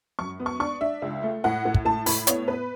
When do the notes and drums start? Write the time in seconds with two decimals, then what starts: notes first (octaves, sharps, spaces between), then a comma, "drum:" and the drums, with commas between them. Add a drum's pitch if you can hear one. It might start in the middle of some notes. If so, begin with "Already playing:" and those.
0.19 F#2 C#6
0.40 B3
0.46 C#6
0.60 D4 C#6
0.81 D4 E5
1.02 C#2
1.23 A3
1.44 A2 F#5
1.65 A2
1.74 drum: kick
1.85 A2 A5
2.06 A2 B5, drum: open hi-hat
2.27 B3 C#5, drum: hi-hat
2.48 B3 B4